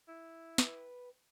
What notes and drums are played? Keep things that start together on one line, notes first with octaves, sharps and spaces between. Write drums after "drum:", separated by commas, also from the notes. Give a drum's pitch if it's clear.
E4
B4 G5, drum: snare